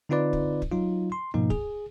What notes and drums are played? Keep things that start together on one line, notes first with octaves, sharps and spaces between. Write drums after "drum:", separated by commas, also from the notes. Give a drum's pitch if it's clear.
D3 C4 D#4 F4 B4 D5
drum: kick
drum: kick
F#3 D#4 F4
C6
G#2 B2 F3 A#3 D#4
G#4, drum: kick